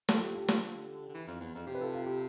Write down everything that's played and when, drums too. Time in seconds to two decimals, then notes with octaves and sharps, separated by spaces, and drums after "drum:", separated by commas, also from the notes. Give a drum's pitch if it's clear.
0.09 D3 F4 A4, drum: snare
0.22 G4
0.35 G4
0.48 F4, drum: snare
1.09 D3
1.14 E3
1.27 F2
1.41 E2
1.55 F2
1.67 C3 G4
1.75 B4
1.81 F4 A4
1.93 F4
2.06 G4